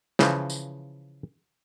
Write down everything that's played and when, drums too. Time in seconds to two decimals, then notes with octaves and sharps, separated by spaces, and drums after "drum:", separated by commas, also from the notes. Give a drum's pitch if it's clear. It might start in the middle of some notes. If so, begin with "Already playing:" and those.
0.19 C#3 E3 F3, drum: snare
0.50 drum: tambourine